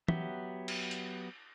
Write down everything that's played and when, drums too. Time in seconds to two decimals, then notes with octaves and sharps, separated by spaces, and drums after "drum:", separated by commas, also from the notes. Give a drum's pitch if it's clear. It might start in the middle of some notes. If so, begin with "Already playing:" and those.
0.08 F#3 B3 G4 E5, drum: tom E3
0.68 drum: cymbal
0.91 drum: hi-hat